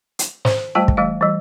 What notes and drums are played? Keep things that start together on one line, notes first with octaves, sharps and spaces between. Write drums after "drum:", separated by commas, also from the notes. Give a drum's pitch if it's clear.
drum: hi-hat
C5, drum: snare
G3 A3 F4 C5 G5 A5
drum: kick
E3 G3 A3 F5
E3 G3